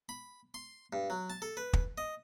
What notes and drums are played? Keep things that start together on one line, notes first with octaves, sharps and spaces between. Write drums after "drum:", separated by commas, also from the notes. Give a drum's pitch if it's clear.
B5
C6
G2
F#3
A5
A4
B4
drum: kick
D#5